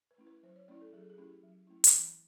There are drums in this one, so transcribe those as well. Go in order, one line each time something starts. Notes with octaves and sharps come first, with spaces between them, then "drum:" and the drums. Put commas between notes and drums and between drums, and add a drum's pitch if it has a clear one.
B4
A3 C#4 E4
B4
F#3 C5
C#5
A3 C#4 E4 D5
A4
F#3 G#4
A4
G#4
A3 C#4 E4 G4
F#3
A3 C#4 E4
drum: hi-hat
E3